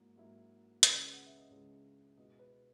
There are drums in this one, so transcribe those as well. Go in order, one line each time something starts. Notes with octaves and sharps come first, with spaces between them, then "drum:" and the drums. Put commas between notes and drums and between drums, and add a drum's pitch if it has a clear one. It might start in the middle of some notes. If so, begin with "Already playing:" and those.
Already playing: G#2 F#3 A#3 E4
G#2 F#3 A#3 E4
C#2 C#3 G#3 C#4 E4 B4, drum: hi-hat
F#5
E5
D#5
C#2 C#3 G#3 C#4 E4 C#5
B2 G#3 B3 E4 D#5
B4